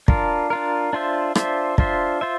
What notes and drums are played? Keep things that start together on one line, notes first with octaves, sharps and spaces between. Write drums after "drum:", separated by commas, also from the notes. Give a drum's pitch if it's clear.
D4 F4 A#4, drum: kick
D4 F4 A#4
D4 F4 C5 E5
D4 F4 C5 E5, drum: rim click
D4 F4 C5 E5, drum: kick
F4 C5 E5